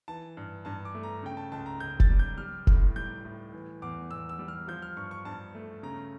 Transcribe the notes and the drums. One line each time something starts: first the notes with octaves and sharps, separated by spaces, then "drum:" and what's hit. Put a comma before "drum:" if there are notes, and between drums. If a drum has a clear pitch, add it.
E3 A5
G2
G2 A5
D6
A3
A#5
C#3 G5
A5
C#2 A5
A#5
C#2 G6
A6, drum: kick F1
G3
G6
G3 F6
A2, drum: kick F1
G3 G6
A2
E3
E2 D6
E2 E6
E6
G3
F6
F3 G6
F6
G2 C#6
C#6
G2 A5
A3
C#3 A#5